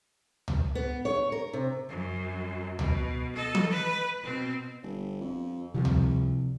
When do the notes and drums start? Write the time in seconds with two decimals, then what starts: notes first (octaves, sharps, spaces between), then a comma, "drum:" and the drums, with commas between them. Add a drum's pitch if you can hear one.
0.48 drum: tom C#2
0.75 B3
1.05 C#5
1.32 A#4
1.53 C3
1.89 F#2
2.79 B2, drum: tom C#2
3.35 A4 D#5
3.55 drum: tom E3
3.71 B4
4.24 B2 C4
4.83 G1
5.21 F2
5.74 C2 C3 F3
5.85 drum: tom C#2